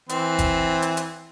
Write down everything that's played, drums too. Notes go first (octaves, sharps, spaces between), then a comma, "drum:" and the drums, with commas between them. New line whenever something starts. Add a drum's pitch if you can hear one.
E3 C4, drum: hi-hat
drum: kick, hi-hat
drum: hi-hat
drum: hi-hat